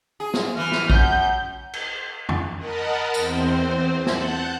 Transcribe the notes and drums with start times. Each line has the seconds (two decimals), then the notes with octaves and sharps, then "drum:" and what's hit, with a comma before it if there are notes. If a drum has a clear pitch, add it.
0.20 G#4
0.34 drum: snare
0.57 E3 F6
0.72 drum: snare
0.90 F#2 G6, drum: kick A#1
1.74 drum: cymbal
2.29 drum: tom F2
2.57 A#4 D#5 F#5 A5 B5
3.14 E2 C4 C5, drum: tambourine
4.06 F#5 A5 F#6 G6, drum: snare